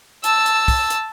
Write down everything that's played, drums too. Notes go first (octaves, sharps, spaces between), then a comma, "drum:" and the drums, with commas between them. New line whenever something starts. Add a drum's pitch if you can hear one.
A5 E6, drum: hi-hat
drum: hi-hat
drum: kick, open hi-hat
drum: hi-hat